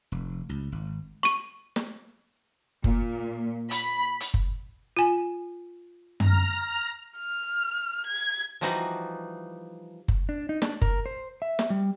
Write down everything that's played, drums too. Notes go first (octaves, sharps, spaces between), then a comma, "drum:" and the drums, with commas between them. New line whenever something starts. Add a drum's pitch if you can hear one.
F1
C#2
G#1
C#6 D#7
drum: snare
A#2, drum: kick F#1
B5, drum: hi-hat
drum: hi-hat
drum: kick F#1
F4 G#5
A#5 F6, drum: tom F#2
F6
G#6
E3 F3 G3 D#4 F#4 B4
drum: kick F#1
D4
D#4
D4, drum: snare
A#4, drum: kick F#1
C5
E5
drum: snare
G3